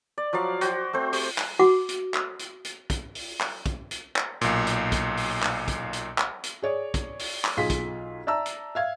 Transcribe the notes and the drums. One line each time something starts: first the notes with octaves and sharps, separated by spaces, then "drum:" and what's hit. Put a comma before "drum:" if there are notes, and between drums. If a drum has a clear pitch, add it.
D5
F3 F#3 D5 F5
F#4 C5 G5, drum: hi-hat
A3 C4 C5
G4, drum: open hi-hat
drum: clap
F#4 F#5 D6
drum: hi-hat
drum: clap
drum: hi-hat
drum: hi-hat
drum: kick, hi-hat
drum: open hi-hat
drum: clap
drum: kick, hi-hat
drum: hi-hat
drum: clap
B1 A#2, drum: hi-hat
drum: hi-hat
drum: kick, hi-hat
drum: open hi-hat
drum: clap
drum: kick, hi-hat
drum: hi-hat
drum: clap
drum: hi-hat
G#4 C#5 D5
drum: kick, hi-hat
drum: open hi-hat
drum: clap
B1 F4 G#4 B6
drum: kick, hi-hat
D5 E5 A5 A#5 E6
drum: hi-hat
E5 F5 G#6